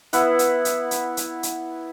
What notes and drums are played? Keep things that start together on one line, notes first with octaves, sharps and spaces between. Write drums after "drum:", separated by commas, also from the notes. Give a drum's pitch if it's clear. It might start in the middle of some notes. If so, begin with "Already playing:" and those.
B3 E4 F#5, drum: hi-hat
drum: hi-hat
drum: hi-hat
drum: hi-hat
drum: hi-hat
drum: hi-hat